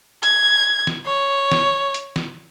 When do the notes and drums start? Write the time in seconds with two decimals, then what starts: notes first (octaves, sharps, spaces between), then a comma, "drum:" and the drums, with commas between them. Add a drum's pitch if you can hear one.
0.23 G#6, drum: hi-hat
0.87 drum: snare
1.06 C#5
1.52 drum: snare
1.94 drum: hi-hat
2.16 drum: snare